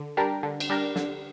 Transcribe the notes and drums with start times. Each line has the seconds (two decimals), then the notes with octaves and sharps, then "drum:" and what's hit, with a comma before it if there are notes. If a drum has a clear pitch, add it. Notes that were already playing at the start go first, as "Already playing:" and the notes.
Already playing: D3
0.17 G3 D4 G4 A#4
0.43 D3
0.60 drum: cymbal
0.69 G3 D4 G4 A#4
0.96 D3, drum: snare